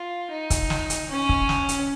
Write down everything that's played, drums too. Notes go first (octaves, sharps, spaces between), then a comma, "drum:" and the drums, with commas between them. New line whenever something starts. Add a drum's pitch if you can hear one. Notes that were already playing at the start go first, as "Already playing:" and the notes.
Already playing: F4
D#4
drum: kick, hi-hat
drum: snare
drum: hi-hat
C#4
drum: kick
drum: snare
drum: hi-hat